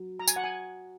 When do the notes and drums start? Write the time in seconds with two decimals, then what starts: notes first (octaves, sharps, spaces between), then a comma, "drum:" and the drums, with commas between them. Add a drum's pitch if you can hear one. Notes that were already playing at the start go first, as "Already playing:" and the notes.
Already playing: F#3
0.19 A#5
0.27 G#5, drum: tambourine
0.36 F#5
0.44 G#5